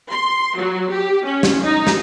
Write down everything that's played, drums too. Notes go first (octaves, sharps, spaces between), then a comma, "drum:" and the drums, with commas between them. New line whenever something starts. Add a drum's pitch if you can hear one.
C6
F#3
G4
C#4
drum: snare
D#4
drum: snare